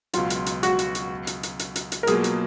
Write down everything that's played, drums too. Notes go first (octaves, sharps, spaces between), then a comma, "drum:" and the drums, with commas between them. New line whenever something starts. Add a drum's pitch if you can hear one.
C#2 B2 F#3 F4, drum: hi-hat
drum: hi-hat
drum: hi-hat
F#4, drum: hi-hat
drum: hi-hat
drum: hi-hat
drum: hi-hat
drum: hi-hat
drum: hi-hat
drum: hi-hat
drum: hi-hat
A#4
B2 F#3 A#3 F4 G#4, drum: hi-hat
drum: hi-hat